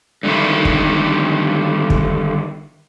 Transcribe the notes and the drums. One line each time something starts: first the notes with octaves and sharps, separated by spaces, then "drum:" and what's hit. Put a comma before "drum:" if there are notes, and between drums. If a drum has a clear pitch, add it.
G2 D3 D#3 E4
drum: kick
drum: kick